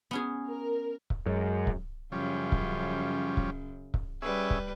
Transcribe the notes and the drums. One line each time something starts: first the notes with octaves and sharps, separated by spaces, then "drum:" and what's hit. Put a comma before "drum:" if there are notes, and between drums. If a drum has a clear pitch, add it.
B3 C#4 G#4
A#4
drum: kick C#1
F#2 G#3
drum: kick C#1
F#2 C#3 F3 G3 C#4
drum: kick C#1
drum: kick C#1
drum: kick C#1
G3 C#4 G#4 B4 E5
drum: kick C#1